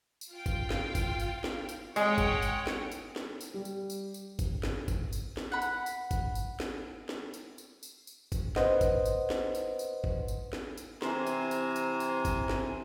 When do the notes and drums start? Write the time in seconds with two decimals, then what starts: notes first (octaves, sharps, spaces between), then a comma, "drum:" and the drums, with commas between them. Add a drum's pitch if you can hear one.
0.21 drum: tambourine
0.31 F4 F5 G5
0.46 drum: kick, tambourine
0.70 drum: snare
0.95 drum: kick, tambourine
1.20 drum: tambourine
1.44 drum: snare
1.69 drum: tambourine
1.96 G#3 G#4 C#5 F#5 G5, drum: tambourine
2.18 drum: kick, tambourine
2.42 drum: tambourine
2.67 drum: snare
2.91 drum: tambourine
3.16 drum: snare
3.41 drum: tambourine
3.54 G3
3.65 drum: tambourine
3.90 drum: tambourine
4.14 drum: tambourine
4.39 drum: kick, tambourine
4.63 drum: snare
4.88 drum: kick, tambourine
5.13 drum: tambourine
5.37 drum: snare
5.52 F#5 B5
5.62 drum: tambourine
5.86 drum: tambourine
6.11 drum: kick, tambourine
6.35 drum: tambourine
6.60 drum: snare
7.09 drum: snare
7.34 drum: tambourine
7.58 drum: tambourine
7.83 drum: tambourine
8.07 drum: tambourine
8.32 drum: kick, tambourine
8.56 B4 C5 D#5 F#5, drum: snare
8.81 drum: kick, tambourine
9.06 drum: tambourine
9.30 drum: snare
9.55 drum: tambourine
9.79 drum: tambourine
10.04 drum: kick
10.28 drum: tambourine
10.53 drum: snare
10.77 drum: tambourine
11.02 C3 E3 C5 G#5 A#5, drum: snare
11.27 drum: tambourine
11.51 drum: tambourine
11.76 drum: tambourine
12.00 drum: tambourine
12.25 drum: kick, tambourine
12.49 drum: snare